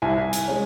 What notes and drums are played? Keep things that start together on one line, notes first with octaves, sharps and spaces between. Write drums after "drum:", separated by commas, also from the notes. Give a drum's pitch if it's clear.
C2 G#5
drum: hi-hat
G#3 C#4